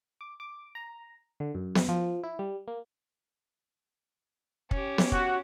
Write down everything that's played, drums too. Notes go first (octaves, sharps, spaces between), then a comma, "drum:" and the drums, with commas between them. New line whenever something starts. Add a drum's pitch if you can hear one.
D6
D6
A#5
D3
F#2
drum: snare B3
F3
E4
G3
A#3
C#4 G4, drum: kick
drum: snare B3
F#4, drum: kick